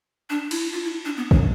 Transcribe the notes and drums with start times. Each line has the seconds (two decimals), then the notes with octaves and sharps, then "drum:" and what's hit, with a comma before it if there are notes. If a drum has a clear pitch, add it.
0.30 D4
0.51 E4, drum: cymbal
0.73 F4
0.84 E4
1.05 D4
1.17 B3
1.31 D4, drum: kick